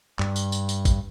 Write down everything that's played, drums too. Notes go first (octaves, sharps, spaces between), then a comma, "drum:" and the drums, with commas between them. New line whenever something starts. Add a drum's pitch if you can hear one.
G2, drum: clap
drum: tambourine
drum: tambourine
drum: tambourine
drum: kick A#1, tambourine